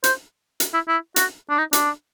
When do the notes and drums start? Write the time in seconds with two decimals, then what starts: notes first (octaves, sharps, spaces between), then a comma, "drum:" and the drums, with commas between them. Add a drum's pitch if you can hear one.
0.04 C5, drum: hi-hat
0.60 drum: hi-hat
0.74 E4
0.88 E4
1.16 F#4, drum: hi-hat
1.50 D4
1.58 D#4
1.73 D4, drum: hi-hat